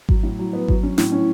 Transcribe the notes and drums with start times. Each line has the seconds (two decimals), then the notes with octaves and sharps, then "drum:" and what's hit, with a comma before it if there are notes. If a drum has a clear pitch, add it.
0.09 F#3, drum: kick G#1
0.23 A2
0.39 F#3
0.53 B3
0.68 F#3, drum: kick G#1
0.83 C#4
0.98 A2, drum: snare
1.12 C#4